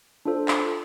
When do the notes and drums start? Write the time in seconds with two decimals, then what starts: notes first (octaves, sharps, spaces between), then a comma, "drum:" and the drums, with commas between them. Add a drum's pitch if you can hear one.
0.25 D4 F4 A4 C5
0.48 drum: clap